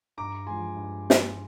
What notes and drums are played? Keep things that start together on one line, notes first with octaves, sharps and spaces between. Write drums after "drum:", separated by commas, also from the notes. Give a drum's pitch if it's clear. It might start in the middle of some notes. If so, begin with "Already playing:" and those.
G2 A#5 D6
F3 G#3 G#5 C6
G2
drum: snare